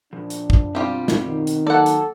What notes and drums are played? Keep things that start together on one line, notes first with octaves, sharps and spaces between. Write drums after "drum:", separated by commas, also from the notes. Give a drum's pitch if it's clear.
A#2 F3 D4
drum: hi-hat
drum: kick
B2 G3 C4 F4 G4
drum: snare
D#3
drum: hi-hat
F#3 A#3 A4 D5 F#5
drum: hi-hat